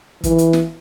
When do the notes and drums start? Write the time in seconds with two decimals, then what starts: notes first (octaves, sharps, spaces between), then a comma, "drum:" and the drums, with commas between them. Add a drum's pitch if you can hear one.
0.24 E3, drum: kick G1, hi-hat
0.38 drum: hi-hat
0.53 drum: snare